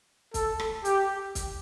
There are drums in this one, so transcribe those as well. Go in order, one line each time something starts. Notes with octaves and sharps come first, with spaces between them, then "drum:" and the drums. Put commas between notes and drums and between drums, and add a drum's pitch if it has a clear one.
A4, drum: kick, hi-hat
drum: rim click
G4, drum: hi-hat
drum: kick, hi-hat